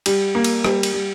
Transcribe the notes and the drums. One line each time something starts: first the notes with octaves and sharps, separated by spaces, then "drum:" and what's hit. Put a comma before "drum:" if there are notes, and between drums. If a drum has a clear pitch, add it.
G3, drum: cymbal
A#3
drum: cymbal
G3, drum: rim click
drum: cymbal
G3